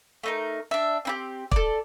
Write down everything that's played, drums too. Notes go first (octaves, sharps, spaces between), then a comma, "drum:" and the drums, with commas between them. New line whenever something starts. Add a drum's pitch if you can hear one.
A3 D#4 A#4
D4 E5
C4 E4 G4
A4 D5, drum: kick